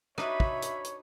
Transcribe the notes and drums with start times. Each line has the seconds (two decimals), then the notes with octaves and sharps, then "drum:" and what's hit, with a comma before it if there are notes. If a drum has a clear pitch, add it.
0.18 D4 D#4 F#4 B4 C#5 E5 B5, drum: rim click
0.40 drum: kick
0.62 drum: hi-hat
0.84 drum: hi-hat